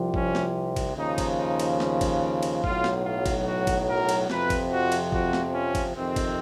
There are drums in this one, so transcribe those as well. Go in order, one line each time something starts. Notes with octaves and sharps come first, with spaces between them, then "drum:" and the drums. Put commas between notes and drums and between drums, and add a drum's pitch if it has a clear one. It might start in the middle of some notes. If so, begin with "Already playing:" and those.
Already playing: C2 C3 F3
C#4, drum: kick G#1
drum: snare
drum: kick G#1, cymbal
D#2 C#3 F3 D#4
drum: kick G#1, cymbal
D#4
drum: cymbal
drum: snare
drum: kick G#1, cymbal
drum: cymbal
B1 A2 F#3 F4, drum: kick G#1
drum: snare
F4
drum: kick G#1, cymbal
F#4
drum: kick G#1, cymbal
A#4
drum: cymbal
F2 C3 F3 B4, drum: snare
drum: kick G#1, cymbal
F#4
drum: cymbal
F#4, drum: kick G#1
drum: snare
C#4
drum: kick G#1, cymbal
F2 C3 D#3 C4
drum: kick G#1, cymbal